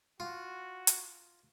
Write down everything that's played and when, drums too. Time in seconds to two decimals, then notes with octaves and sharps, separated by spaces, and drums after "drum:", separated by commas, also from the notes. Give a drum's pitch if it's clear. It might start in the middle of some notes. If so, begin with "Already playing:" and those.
0.20 F4 F#4
0.87 drum: hi-hat